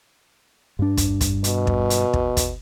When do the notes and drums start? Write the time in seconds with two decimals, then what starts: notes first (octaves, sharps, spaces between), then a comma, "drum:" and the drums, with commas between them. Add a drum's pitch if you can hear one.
0.79 G2 D4
0.97 drum: kick, hi-hat
1.21 drum: kick, hi-hat
1.44 B2, drum: hi-hat
1.67 drum: kick
1.90 drum: hi-hat
2.13 drum: kick
2.37 drum: kick, hi-hat